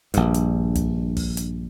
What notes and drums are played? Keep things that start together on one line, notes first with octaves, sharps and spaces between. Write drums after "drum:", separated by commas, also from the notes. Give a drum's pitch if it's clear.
A#1 G2, drum: hi-hat
drum: hi-hat
drum: kick, hi-hat
drum: kick, open hi-hat
drum: hi-hat